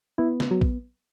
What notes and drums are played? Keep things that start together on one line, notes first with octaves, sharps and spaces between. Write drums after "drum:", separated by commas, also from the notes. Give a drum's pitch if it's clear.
B3 E4
drum: snare
F#3
drum: kick A#1